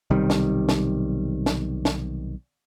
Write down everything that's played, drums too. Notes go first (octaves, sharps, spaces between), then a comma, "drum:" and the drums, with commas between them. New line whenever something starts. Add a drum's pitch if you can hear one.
B1 C3 D#3 G3
drum: snare
drum: snare
drum: snare
drum: snare